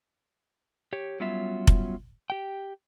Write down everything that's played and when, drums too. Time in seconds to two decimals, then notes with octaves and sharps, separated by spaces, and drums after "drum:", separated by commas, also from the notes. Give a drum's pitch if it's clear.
0.93 G4 C#5
1.20 F#3 G3 B3 C#4 F4 E5
1.67 drum: kick F1
2.30 G4 G5